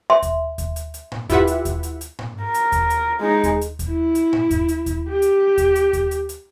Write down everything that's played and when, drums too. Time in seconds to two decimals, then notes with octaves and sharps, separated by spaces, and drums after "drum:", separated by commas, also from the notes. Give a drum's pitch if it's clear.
0.10 E5 C6
0.22 drum: kick D#2, hi-hat
0.58 drum: kick D#2, hi-hat
0.76 drum: hi-hat
0.94 drum: hi-hat
1.12 drum: tom G#2
1.29 E4 F4 G4 B4 E5 F#5, drum: kick D#2, hi-hat
1.47 drum: hi-hat
1.65 drum: kick D#2, hi-hat
1.83 drum: hi-hat
2.01 drum: hi-hat
2.19 drum: tom G#2
2.43 A#4
2.54 drum: hi-hat
2.72 drum: kick D#2, hi-hat
2.90 drum: hi-hat
3.20 G#3 D#4
3.44 drum: kick D#2, hi-hat
3.61 drum: hi-hat
3.79 drum: kick D#2, hi-hat
3.89 E4
4.15 drum: hi-hat
4.33 drum: tom G#2
4.51 drum: kick D#2, hi-hat
4.68 drum: hi-hat
4.86 drum: kick D#2, hi-hat
5.09 G4
5.22 drum: hi-hat
5.58 drum: kick D#2, hi-hat
5.75 drum: hi-hat
5.93 drum: kick D#2, hi-hat
6.11 drum: hi-hat
6.29 drum: hi-hat